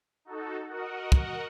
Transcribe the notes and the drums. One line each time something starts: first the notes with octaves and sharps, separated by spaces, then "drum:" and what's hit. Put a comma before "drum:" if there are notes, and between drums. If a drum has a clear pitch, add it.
D#4 F#4 A4
F#4 A#4 D#5 F#5
drum: kick